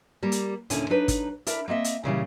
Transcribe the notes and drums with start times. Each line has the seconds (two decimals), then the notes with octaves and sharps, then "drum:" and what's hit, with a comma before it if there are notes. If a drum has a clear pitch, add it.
0.23 G3 A#3
0.32 drum: hi-hat
0.70 D#2 A#2 D3 C#4 E4 G#5, drum: hi-hat
0.89 F#3 D4 D#4 B4
1.08 drum: kick, hi-hat
1.47 D4 E4 A#4 E5, drum: hi-hat
1.68 A#3 C4 D#5 E5
1.84 drum: hi-hat
2.04 A#2 C#3 E3 G3